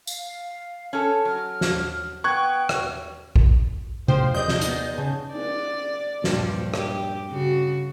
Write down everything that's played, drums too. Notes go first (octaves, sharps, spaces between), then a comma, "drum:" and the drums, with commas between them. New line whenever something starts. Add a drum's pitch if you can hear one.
F5, drum: tambourine
C#4 A4
F#3 F6
drum: snare
B3 G5 C#6 F#6 G#6
drum: rim click
drum: kick A1
F3 C5 G5 G7, drum: tom C3
G#3 G#4 D5 D#5 D#6 G6
drum: snare
B3 D#4, drum: hi-hat
C#3 G#5 A5
D5, drum: cymbal
G2 A#2 F3, drum: snare
G4, drum: rim click
C#3 F#4